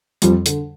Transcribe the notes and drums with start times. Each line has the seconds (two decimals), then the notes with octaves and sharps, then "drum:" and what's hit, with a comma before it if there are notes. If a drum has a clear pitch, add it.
0.22 F2 F3 G3, drum: hi-hat
0.46 D3, drum: hi-hat